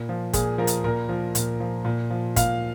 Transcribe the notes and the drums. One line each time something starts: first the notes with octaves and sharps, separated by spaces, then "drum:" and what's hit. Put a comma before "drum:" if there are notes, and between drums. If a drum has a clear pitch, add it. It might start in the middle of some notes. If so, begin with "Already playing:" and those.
Already playing: A#2
F3
A#2 G#4, drum: kick, hi-hat
F3 A#4
drum: hi-hat
A#2 A#4
F3
A#2, drum: hi-hat
F3
A#2
F3
A#2 F5, drum: kick, hi-hat